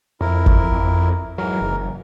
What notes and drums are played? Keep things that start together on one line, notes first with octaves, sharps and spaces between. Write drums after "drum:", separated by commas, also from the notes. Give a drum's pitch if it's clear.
F2 E4 A#4
drum: kick G1
F2
G#2 E3 F#3 A#4
F#1